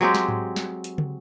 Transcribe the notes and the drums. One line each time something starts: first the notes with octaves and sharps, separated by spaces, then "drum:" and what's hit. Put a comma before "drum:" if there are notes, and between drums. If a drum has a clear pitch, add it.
F#3 G#3 C4 G4
drum: snare
drum: tom G#2
drum: snare
drum: hi-hat
drum: tom